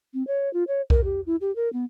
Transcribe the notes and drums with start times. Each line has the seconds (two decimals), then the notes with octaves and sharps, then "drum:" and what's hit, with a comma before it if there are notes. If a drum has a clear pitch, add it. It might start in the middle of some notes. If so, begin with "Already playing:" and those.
0.14 C4
0.27 C#5
0.53 F4
0.68 C#5
0.90 A#4, drum: kick B1
1.04 G4
1.26 E4
1.41 G4
1.56 A#4
1.73 B3